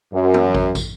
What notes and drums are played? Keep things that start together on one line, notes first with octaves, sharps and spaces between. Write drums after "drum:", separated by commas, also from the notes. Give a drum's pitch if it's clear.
F#2
drum: tom
drum: kick
drum: kick, tambourine